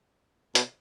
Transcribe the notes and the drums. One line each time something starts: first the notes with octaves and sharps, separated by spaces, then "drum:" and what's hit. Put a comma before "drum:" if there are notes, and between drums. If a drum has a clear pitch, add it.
B2, drum: hi-hat